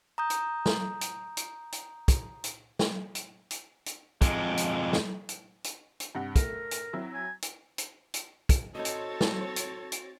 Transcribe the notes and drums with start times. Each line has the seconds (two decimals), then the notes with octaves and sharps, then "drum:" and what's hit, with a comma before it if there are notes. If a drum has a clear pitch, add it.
0.18 A#5 D#6 G6
0.30 drum: hi-hat
0.66 drum: snare
1.01 drum: hi-hat
1.37 drum: hi-hat
1.72 drum: hi-hat
2.08 drum: kick, hi-hat
2.44 drum: hi-hat
2.79 drum: snare
3.15 drum: hi-hat
3.51 drum: hi-hat
3.86 drum: hi-hat
4.22 F2 G#3, drum: kick, hi-hat
4.57 drum: hi-hat
4.93 drum: snare
5.29 drum: hi-hat
5.64 drum: hi-hat
6.00 drum: hi-hat
6.15 G2 C3 F#5
6.36 A3 A#4, drum: kick, hi-hat
6.71 drum: hi-hat
6.93 F#3 C4 E4
7.14 G#5
7.42 drum: hi-hat
7.78 drum: hi-hat
8.14 drum: hi-hat
8.49 drum: kick, hi-hat
8.75 C4 D#4 F#4 A4 C#5 D#5 A6
8.85 drum: hi-hat
9.21 drum: snare
9.56 drum: hi-hat
9.92 drum: hi-hat